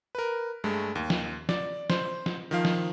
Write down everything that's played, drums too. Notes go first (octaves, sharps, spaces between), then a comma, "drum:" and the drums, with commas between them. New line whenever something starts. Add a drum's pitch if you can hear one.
A#4 B4
G2 G#3 A3
D#2
drum: snare
D5, drum: snare
C5, drum: snare
drum: snare
D#3 F3 F5
drum: snare